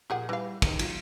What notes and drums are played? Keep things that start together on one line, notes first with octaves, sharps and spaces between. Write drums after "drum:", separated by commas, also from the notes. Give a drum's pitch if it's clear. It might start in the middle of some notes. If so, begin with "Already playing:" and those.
A#2 G4 G#4 F#5
E3 G3 F5
D#1 E2 D#3, drum: kick, cymbal
F#3 F4, drum: cymbal